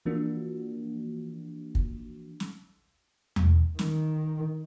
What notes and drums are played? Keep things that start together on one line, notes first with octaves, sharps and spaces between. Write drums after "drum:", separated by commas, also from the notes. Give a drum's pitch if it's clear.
E3 F3 A#3 D4 F#4
drum: kick
drum: snare
drum: tom E2
D#3, drum: snare